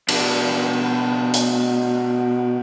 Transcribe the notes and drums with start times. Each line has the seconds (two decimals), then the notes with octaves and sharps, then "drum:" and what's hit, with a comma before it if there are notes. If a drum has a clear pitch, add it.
0.09 B2 D4, drum: cymbal
1.34 drum: hi-hat